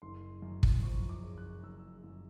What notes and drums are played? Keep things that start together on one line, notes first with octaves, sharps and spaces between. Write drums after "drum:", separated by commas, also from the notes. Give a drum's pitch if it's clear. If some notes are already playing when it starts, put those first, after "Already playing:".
F#1 C6
F#2
drum: kick
F3 C#6
D6
C#3
F#6
F#1 E6
F#2